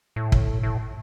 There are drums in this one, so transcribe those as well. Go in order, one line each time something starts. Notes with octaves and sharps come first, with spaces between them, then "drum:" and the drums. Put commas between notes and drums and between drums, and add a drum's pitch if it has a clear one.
A2
drum: kick
A2